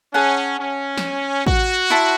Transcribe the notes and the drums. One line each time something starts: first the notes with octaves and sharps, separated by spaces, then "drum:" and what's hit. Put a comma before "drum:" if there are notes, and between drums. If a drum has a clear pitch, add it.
C#4 G#4 C#5 F#5 A5
C#4
drum: snare
F#4, drum: kick A1
E4 C5 E5 A5